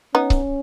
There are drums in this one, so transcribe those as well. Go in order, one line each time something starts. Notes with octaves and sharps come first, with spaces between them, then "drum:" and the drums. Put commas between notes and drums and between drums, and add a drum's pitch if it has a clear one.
B3 C#4 D#4
drum: kick C#1